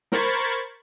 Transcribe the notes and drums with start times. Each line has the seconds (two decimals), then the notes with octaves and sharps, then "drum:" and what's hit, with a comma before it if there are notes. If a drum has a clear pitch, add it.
0.12 A#4 C5 B5 C#6 G#6 A6, drum: snare